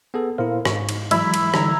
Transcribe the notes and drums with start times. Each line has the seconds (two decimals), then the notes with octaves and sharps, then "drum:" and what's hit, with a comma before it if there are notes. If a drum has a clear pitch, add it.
0.14 B3 G#4 A4
0.38 A#2 E4 A#4 C5 F5
0.65 G#2 D#4 C#6, drum: rim click
0.89 drum: cymbal
1.11 E3 F#3 G#3 E4 E5 B5, drum: cymbal
1.34 drum: cymbal
1.54 D3 E3 G3 D#4 A#5, drum: rim click